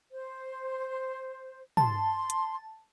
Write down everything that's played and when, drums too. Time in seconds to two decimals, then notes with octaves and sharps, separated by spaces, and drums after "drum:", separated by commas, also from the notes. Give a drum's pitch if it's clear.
0.12 C5
1.77 A5 C6, drum: tom
2.30 drum: hi-hat